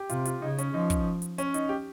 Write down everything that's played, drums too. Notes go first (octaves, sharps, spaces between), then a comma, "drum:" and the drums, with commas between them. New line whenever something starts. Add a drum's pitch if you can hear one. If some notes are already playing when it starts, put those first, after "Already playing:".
Already playing: G4
C3 F4, drum: hi-hat
F4, drum: hi-hat
C#3 D#4
C#4, drum: hi-hat
F3 D#4
drum: kick, hi-hat
drum: hi-hat
C#4, drum: hi-hat
D#4, drum: hi-hat
G4